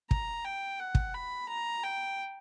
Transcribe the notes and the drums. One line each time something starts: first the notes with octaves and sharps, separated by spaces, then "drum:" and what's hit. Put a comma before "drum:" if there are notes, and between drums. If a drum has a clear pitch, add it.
A#5, drum: kick
G5
F#5
drum: kick
B5
A#5
G5